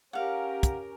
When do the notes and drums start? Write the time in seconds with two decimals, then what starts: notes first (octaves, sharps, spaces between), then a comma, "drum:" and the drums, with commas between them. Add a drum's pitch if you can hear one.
0.13 C#4 G4 A#4 F5 F#5
0.63 drum: kick, hi-hat